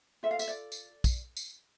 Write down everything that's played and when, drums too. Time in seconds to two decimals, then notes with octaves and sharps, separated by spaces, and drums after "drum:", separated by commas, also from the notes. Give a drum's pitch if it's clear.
0.23 F4 A4 E5
0.31 F5
0.39 E5, drum: tambourine
0.48 D5
0.72 drum: tambourine
1.04 drum: kick A#1, tambourine
1.37 drum: tambourine